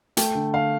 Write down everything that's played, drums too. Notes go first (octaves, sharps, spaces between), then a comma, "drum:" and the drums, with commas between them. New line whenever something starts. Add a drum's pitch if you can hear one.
A3 G5, drum: hi-hat
D3
D3 F5